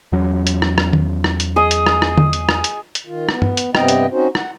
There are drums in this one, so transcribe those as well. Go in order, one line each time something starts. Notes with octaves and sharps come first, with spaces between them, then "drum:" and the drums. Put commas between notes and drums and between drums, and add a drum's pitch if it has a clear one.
E2 F#3 C#4
drum: hi-hat
drum: rim click
drum: rim click
drum: tom
drum: rim click
drum: hi-hat
G#4 D#5
drum: hi-hat
drum: rim click
drum: rim click
drum: tom
drum: hi-hat
drum: rim click
drum: hi-hat
drum: hi-hat
D#3 F4
B3, drum: rim click
drum: tom
drum: hi-hat
G2 C3 B3 C4 D#5 G5, drum: rim click
drum: hi-hat
C4 C#4 D#4 F#4 C5
F#5, drum: rim click